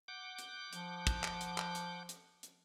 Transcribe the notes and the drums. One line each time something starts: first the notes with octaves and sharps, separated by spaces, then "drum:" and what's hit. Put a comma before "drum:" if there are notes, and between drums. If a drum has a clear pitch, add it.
F#5 D6 G6
drum: hi-hat
F3, drum: hi-hat
drum: kick, hi-hat
drum: clap
drum: hi-hat
drum: clap
drum: hi-hat
drum: hi-hat
drum: hi-hat